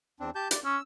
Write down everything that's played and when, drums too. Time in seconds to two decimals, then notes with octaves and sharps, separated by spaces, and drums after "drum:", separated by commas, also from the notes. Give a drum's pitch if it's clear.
0.20 E2 C4 D4
0.35 G4 A5 G6
0.51 D5, drum: hi-hat
0.65 C#4 E6